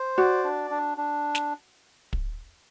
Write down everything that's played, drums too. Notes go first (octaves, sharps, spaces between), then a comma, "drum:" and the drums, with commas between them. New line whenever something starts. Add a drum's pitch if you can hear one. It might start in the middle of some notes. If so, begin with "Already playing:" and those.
Already playing: C5
F#4 D5
D4
D4
D4
drum: snare
drum: kick